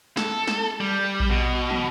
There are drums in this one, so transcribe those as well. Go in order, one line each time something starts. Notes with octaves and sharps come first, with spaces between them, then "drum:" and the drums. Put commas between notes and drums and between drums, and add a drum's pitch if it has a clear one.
A4, drum: snare
drum: snare
G3
drum: kick A#1
B2
drum: tom